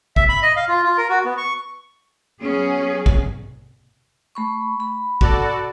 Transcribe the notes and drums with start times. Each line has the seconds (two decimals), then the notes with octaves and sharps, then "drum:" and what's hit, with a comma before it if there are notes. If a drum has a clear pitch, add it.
0.16 E5, drum: kick
0.29 B5
0.43 D#5
0.57 F5
0.68 F4
0.83 F4
0.98 A#4
1.09 F#4
1.25 B3
1.37 C#6
2.41 F#3 B3 C#4 G#4
3.06 drum: kick
4.35 A3 B5 C#6
4.80 B5
5.21 F#4 A4 D5, drum: kick